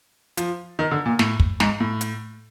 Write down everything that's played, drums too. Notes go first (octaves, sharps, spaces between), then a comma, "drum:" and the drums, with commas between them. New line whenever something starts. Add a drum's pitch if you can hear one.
F3, drum: hi-hat
D#3
D3
A#2
A2, drum: snare
drum: kick
G#2, drum: snare
A2
drum: hi-hat